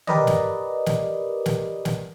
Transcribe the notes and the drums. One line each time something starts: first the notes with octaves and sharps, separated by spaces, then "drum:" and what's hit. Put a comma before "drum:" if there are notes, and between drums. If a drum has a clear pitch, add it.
G4 A#4 B4 D5 D#5, drum: tom
drum: snare
drum: snare
drum: snare
drum: snare